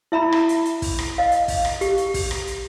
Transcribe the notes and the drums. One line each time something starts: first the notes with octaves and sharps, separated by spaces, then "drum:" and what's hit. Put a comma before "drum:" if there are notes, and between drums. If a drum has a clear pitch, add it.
E4 E5 A#5 B5
drum: rim click
drum: hi-hat
drum: hi-hat
drum: kick, open hi-hat
drum: rim click
D#5 F5
drum: hi-hat
drum: kick, open hi-hat
drum: rim click
G4, drum: hi-hat
drum: hi-hat
drum: kick, open hi-hat
drum: rim click
drum: hi-hat